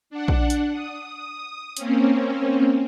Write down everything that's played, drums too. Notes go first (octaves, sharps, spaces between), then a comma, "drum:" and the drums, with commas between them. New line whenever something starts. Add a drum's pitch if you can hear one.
D4 F#5
drum: kick A#1
drum: hi-hat
D#6
A#3 C4 C#4, drum: hi-hat